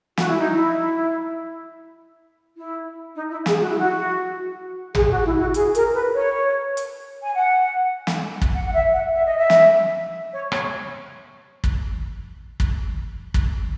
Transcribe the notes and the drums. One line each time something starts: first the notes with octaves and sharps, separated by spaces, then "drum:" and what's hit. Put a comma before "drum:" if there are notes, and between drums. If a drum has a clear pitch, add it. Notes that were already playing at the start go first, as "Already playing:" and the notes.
F#4, drum: snare
E4
D#4
E4
E4
D#4
E4
G#4, drum: snare
F#4
E4
F#4
G#4, drum: tom
F#4
E4
F#4
G#4, drum: hi-hat
A#4, drum: hi-hat
B4
C#5
drum: hi-hat
G#5
F#5
drum: snare
drum: kick
F#5
F#5
E5
F#5
E5
D#5
E5
drum: snare
C#5
C#5, drum: rim click
drum: kick
drum: kick
drum: kick